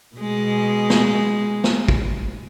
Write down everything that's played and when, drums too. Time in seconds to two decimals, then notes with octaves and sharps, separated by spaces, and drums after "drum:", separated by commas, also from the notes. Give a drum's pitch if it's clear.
0.16 B2 G#3
0.90 drum: snare
1.64 drum: snare
1.88 drum: kick